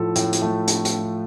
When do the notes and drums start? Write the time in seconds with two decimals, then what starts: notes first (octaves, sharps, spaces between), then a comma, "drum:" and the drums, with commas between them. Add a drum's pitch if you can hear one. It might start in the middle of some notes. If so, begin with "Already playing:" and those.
Already playing: A2 F3 A4
0.16 A2, drum: hi-hat
0.33 drum: hi-hat
0.42 A3
0.68 drum: hi-hat
0.85 drum: hi-hat